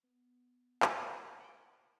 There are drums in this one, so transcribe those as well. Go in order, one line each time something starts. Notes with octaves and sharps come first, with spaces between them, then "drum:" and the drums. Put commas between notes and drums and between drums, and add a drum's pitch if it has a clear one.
B3
drum: clap
F#5 G5 B5